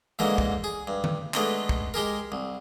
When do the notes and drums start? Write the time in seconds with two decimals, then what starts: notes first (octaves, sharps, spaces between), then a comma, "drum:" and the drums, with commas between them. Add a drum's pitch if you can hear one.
0.19 G#2 D3 E3 G#3 A#3 D#4
0.38 drum: kick
0.64 G#4
0.87 G2
1.04 drum: tom D#3
1.34 G#3 A3 B3 D4 D#4, drum: clap
1.69 drum: kick
1.94 G#3 G4 G#4 A#4
2.32 C2